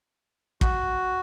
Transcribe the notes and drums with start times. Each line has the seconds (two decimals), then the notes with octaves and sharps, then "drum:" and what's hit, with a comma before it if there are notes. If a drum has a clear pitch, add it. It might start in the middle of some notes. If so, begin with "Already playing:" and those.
0.61 F#4, drum: kick